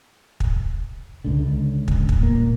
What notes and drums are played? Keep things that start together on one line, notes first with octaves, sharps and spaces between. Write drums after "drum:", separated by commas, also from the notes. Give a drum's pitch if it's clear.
drum: kick
C#2 D3
drum: kick
drum: kick
A#2 A#3